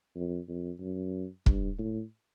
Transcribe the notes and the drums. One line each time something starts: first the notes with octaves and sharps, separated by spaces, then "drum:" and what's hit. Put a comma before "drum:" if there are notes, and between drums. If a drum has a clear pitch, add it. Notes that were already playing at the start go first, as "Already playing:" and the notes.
F2
F2
F#2
G2, drum: kick
A2